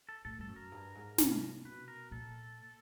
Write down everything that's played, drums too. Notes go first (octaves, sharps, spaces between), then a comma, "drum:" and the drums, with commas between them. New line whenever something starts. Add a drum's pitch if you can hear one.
A4
A2 A4
G2 A4
F#2
A#4
G2
G#2
C3, drum: snare
B2 B4
A#4
A#2 A4